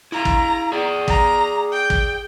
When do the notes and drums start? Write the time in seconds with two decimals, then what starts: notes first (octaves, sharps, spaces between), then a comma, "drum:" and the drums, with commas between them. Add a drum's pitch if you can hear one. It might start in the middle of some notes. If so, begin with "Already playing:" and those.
0.12 E4 F5 A#5
0.25 drum: kick
0.72 G#4 D5
1.08 A#5, drum: kick
1.72 G5
1.90 drum: kick